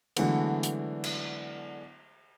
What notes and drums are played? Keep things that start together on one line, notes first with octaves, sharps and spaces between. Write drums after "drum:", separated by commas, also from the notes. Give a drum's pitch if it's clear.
D3 E3 F#3 G#3 A3 B3, drum: cymbal
drum: hi-hat
drum: cymbal